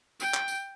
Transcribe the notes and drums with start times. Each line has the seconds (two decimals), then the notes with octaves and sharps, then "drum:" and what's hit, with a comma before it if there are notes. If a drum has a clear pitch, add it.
0.20 G5, drum: tambourine
0.34 drum: clap
0.48 drum: tambourine